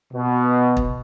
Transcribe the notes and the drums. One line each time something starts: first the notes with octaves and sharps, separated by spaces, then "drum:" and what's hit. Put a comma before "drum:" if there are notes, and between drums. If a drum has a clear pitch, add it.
B2
drum: kick